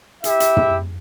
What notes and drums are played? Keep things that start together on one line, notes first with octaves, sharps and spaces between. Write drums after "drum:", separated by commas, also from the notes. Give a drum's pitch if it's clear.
E4 G4 E5, drum: hi-hat
drum: hi-hat
drum: tom